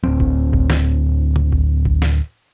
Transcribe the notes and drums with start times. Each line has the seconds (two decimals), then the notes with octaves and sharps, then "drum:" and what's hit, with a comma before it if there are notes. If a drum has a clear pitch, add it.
0.04 D1 C4, drum: tom
0.20 drum: kick G#1
0.53 drum: kick G#1
0.70 drum: snare
1.36 drum: tom
1.52 drum: kick G#1
1.85 drum: kick G#1
2.02 drum: snare